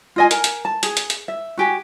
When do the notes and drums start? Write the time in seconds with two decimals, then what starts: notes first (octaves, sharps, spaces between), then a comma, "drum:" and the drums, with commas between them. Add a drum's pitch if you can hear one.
0.16 F4 D#5 G#5
0.31 A#4 G#5, drum: hi-hat
0.44 drum: hi-hat
0.65 A5
0.83 G#4, drum: hi-hat
0.97 drum: hi-hat
1.10 drum: hi-hat
1.28 E5
1.57 F#4 G4 G#5